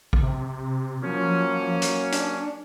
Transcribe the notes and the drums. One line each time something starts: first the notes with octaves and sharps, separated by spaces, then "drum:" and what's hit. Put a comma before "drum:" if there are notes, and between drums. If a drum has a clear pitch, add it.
drum: kick A#1
C3
F3 F#3 A#3 C#4
drum: hi-hat
D4, drum: hi-hat